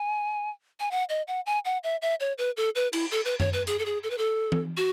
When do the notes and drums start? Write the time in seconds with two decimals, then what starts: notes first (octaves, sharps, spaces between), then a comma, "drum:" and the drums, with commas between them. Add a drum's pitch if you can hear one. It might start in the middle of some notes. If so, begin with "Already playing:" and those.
Already playing: G#5
0.80 G#5
0.91 F#5
1.09 D#5
1.28 F#5
1.46 G#5
1.65 F#5
1.83 E5
2.02 E5
2.20 C#5
2.38 B4
2.57 A4
2.75 B4
2.93 E4, drum: cymbal
3.11 A4
3.25 B4
3.40 C#5, drum: tom F#2
3.53 B4
3.67 G#4, drum: hi-hat
3.79 A4
3.86 G#4
4.03 A4
4.10 B4
4.18 A4
4.52 drum: tom E3
4.77 F#4